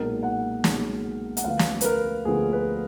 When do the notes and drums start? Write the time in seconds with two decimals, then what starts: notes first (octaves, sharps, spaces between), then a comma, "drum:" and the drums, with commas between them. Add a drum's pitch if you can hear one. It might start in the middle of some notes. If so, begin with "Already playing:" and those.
Already playing: B1 A#2 G#3 D#4 A#4
0.23 F#5
0.64 B1 A#2 G#3 D#4, drum: snare
1.37 F#5, drum: hi-hat
1.44 D2 D3 F3 B3 F5
1.59 drum: snare
1.81 B4, drum: hi-hat
1.84 A#4
2.25 D2 D3 F3 B3 G#4
2.53 B4